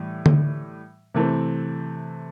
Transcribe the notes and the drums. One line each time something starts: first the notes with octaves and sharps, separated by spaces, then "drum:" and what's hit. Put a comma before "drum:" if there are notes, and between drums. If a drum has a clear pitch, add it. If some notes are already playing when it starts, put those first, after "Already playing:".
Already playing: A2 E3 G3
drum: tom D3
C3 E3 A3 C4